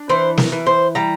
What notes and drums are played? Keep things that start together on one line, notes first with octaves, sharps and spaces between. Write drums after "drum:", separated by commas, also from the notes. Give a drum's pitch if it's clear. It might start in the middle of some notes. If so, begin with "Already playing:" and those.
Already playing: D4
E3 C5
A#4, drum: snare
E3
C5
G3 A#5